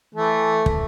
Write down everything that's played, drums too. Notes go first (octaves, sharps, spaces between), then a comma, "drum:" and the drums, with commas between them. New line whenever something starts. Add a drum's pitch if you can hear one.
E3 A3
drum: kick